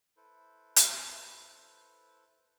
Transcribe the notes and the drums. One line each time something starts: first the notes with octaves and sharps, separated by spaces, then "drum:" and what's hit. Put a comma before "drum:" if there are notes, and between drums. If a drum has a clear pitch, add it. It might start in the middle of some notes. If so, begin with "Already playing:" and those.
E4 A4 B4 C5
drum: hi-hat